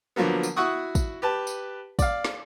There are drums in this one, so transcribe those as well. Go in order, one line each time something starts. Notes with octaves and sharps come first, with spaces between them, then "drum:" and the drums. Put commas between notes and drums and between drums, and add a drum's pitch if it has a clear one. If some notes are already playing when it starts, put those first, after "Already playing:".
D3 F3 F#3 A#3 B3
drum: tambourine
E4 F#4 F#5 C#6 D#6
drum: kick, tambourine
G4 B4 A5
drum: tambourine
D5 F5, drum: kick, tambourine
drum: snare